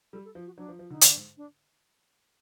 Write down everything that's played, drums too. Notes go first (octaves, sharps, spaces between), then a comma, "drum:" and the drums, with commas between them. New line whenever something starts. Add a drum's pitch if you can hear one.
G3 A4
A4
F3
F#4
F#3 D4
F3
F3
D3 D#4
D3 D4, drum: hi-hat
G#2
D4